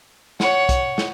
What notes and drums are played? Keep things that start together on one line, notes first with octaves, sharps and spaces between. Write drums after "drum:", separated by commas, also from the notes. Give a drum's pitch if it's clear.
C#5 F#5, drum: snare
drum: kick B1, hi-hat
drum: snare